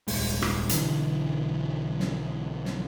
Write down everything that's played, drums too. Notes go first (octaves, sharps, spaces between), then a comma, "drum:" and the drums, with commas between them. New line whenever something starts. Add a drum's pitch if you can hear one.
D#1 C2 G#3, drum: open hi-hat
drum: rim click
B1 D3 E3, drum: hi-hat
drum: snare
drum: snare